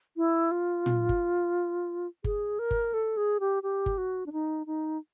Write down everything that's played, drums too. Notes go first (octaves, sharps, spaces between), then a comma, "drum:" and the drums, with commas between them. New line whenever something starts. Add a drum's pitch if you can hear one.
E4
F4
drum: tom A#2
drum: kick G1
G#4, drum: kick G1
A#4
drum: kick G1
A4
G#4
G4
G4
drum: kick G1
F#4
D4
D#4
D#4